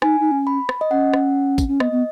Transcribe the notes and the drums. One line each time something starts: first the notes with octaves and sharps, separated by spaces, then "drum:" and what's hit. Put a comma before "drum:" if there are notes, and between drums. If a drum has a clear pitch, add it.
D#4 G#5, drum: rim click
D#4
C#4
B5
drum: rim click
D#5
C#4 F#5
drum: rim click
drum: kick, tambourine
C#4
B3 D#5, drum: rim click
B3